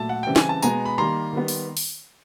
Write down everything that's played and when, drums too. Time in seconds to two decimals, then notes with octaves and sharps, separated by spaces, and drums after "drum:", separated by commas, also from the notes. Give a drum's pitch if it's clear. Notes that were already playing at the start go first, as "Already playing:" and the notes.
Already playing: A#2 F#3 A3 A5
0.09 F#5
0.23 C#3 E3 G3 C4 G5
0.36 G#5, drum: snare
0.49 A5
0.63 B2 G#3 B3 G#5 A#5, drum: tambourine
0.86 B5
0.98 D#3 G3 A#3 A#5 C6
1.33 D#3 G3 B3
1.48 drum: open hi-hat
1.77 drum: open hi-hat